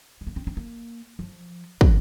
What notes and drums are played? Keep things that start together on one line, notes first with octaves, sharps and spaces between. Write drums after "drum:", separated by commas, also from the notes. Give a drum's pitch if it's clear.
G#3
A#3
C4
C4
A#3
F3
F3, drum: kick